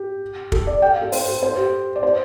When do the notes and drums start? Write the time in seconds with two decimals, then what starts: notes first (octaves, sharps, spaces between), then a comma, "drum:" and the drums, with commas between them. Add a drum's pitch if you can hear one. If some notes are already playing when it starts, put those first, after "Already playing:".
Already playing: G4
0.52 A4, drum: kick
0.67 D5
0.82 G5
0.92 F5
1.01 A4
1.12 C5, drum: open hi-hat
1.28 A4
1.43 C5
1.57 G4
1.96 D5
2.03 C5